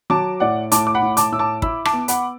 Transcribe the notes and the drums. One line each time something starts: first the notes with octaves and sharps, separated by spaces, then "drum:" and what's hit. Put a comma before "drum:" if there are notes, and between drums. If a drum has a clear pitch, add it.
F#3 A5 D6
A2 D5 F#5
A2 A5 D6, drum: hi-hat
D6
F#5 B5
A2
A5 D6, drum: hi-hat
A2 E6
A5 D6
E4 B5 E6, drum: kick
A5 D6, drum: rim click
B3
F#5 B5, drum: hi-hat